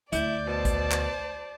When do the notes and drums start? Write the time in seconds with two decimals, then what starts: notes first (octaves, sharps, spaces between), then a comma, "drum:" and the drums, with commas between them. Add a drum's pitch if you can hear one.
0.13 D2 E4 D5 D6 G6, drum: hi-hat
0.47 B2 C5 A5
0.65 drum: kick, hi-hat
0.91 drum: clap